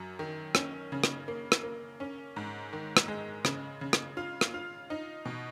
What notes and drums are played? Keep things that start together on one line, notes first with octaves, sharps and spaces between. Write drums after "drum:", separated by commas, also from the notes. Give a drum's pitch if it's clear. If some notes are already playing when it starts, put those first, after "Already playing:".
Already playing: F#2 F#3
D#3
C#4, drum: rim click
C#3
drum: rim click
A#3
drum: rim click
A#3
C#4
G#2
D#3
drum: rim click
G#3
C#3, drum: rim click
C#3
drum: rim click
F4
drum: rim click
F4
D#4
B2